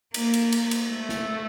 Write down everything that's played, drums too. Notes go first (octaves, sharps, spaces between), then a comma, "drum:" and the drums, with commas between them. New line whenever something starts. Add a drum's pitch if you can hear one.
A#3, drum: cymbal
drum: cymbal
drum: cymbal
drum: cymbal
A3
drum: snare